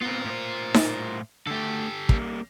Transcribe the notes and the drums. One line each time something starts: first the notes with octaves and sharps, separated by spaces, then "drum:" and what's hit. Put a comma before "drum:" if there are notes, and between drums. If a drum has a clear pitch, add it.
B3 C4 F4 A#4
A2 C5
drum: snare D#4
D3 A3 G4 A4
G3 A#3, drum: kick